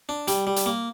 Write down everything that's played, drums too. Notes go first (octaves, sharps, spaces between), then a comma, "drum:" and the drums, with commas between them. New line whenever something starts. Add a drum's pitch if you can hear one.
D4
G3, drum: hi-hat
G3
drum: hi-hat
A#3